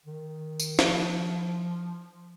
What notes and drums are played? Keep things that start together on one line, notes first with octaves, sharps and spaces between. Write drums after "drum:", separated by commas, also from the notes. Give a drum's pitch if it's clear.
D#3
drum: tambourine
F3, drum: snare